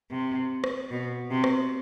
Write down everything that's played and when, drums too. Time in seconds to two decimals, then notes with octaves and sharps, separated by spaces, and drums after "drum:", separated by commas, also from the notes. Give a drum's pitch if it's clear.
0.10 C3
0.64 drum: rim click
0.90 B2
1.30 C3
1.44 drum: rim click